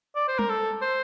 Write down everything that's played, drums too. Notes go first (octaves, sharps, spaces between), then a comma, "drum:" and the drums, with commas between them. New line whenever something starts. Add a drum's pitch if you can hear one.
D5
C5
A#4, drum: tom G3
A4
C5